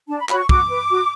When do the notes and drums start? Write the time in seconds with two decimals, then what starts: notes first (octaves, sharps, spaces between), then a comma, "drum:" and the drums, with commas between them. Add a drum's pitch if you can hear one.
0.09 D4 A5
0.19 B5
0.29 F#4 C#5 B5, drum: clap
0.39 C#6
0.49 F#4 D6, drum: kick
0.69 B4
0.90 F#4